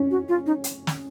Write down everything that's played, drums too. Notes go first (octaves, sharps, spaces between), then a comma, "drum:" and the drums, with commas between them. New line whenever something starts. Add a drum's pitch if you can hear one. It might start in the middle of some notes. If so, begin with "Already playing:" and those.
Already playing: C#4
F#4
F4
D#4
drum: hi-hat
drum: snare